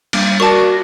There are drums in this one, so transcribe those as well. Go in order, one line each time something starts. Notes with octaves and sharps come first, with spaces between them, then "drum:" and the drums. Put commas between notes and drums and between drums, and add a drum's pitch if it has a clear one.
G3 A#3 D4, drum: cymbal
F#4 A#4 D5 A5 C#6 D6